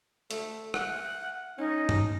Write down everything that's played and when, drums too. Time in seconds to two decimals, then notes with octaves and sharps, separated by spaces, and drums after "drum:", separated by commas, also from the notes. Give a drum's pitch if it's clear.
0.31 A3, drum: hi-hat
0.74 F#5, drum: rim click
1.58 C#4 D#4
1.89 drum: tom